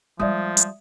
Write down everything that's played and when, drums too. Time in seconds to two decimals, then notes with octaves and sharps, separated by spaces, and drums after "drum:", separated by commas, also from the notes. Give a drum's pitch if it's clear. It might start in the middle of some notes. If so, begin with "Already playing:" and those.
0.20 F3 G3 G#3 D5 E5 D#6
0.57 drum: hi-hat